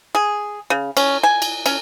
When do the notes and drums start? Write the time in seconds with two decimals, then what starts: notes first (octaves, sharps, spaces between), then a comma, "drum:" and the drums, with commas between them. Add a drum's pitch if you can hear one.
0.15 G#4
0.70 C#3
0.97 C#4, drum: cymbal
1.23 G#5
1.42 drum: cymbal
1.66 C#4, drum: cymbal